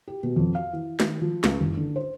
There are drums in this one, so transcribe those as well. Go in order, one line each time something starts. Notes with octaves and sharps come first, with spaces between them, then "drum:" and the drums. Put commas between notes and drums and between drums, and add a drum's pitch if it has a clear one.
G4
B2
F2
F5
E3
D#3, drum: snare
F3
C#2, drum: snare
F#1
D3
C5